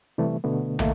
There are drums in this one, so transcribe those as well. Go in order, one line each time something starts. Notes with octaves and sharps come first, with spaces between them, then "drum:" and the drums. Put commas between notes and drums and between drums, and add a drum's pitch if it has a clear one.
C3 E3 G3 A3
B2 D3 A3 B3
F2 D#3 A3 A#3 D#4, drum: tom